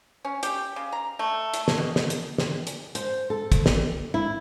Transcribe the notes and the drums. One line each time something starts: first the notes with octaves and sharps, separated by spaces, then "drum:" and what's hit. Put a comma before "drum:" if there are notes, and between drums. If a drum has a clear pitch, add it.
C#4
G4, drum: hi-hat
C#3
A#5
A3
drum: hi-hat
drum: snare
B2
drum: snare
drum: hi-hat
drum: snare
drum: hi-hat
C5, drum: hi-hat
A4
drum: kick, hi-hat
drum: snare
E4